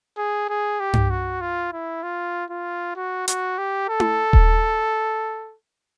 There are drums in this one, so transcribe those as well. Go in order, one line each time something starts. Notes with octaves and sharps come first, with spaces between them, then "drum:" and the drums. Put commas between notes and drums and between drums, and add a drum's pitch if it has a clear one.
G#4
G#4
G4
drum: tom G2
F#4
F4
E4
F4
F4
F#4
F#4, drum: hi-hat
G4
A4
drum: tom E4
drum: kick D#1